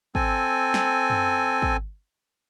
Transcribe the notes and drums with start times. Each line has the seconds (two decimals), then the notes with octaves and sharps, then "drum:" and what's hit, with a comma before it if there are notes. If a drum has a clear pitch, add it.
0.15 C4 A4 G#5, drum: kick
0.74 drum: snare
1.10 drum: tom F#2
1.62 drum: kick